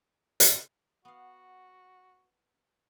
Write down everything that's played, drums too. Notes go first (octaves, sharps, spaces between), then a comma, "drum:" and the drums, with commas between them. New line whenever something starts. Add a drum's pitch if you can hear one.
drum: hi-hat
B3 F#4 F5